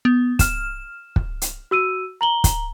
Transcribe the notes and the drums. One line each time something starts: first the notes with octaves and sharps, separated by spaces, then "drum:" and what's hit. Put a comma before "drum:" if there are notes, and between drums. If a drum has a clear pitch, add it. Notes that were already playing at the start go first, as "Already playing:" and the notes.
B3
F6 E7, drum: kick, hi-hat
drum: kick
drum: hi-hat
F#4 E6 D#7
A#5 F#7 G7
drum: kick, hi-hat